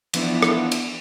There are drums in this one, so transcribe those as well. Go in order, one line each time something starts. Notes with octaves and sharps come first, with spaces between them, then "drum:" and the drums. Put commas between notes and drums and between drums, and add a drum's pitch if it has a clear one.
E3 F3 B3 D4 E4, drum: cymbal
drum: rim click
drum: cymbal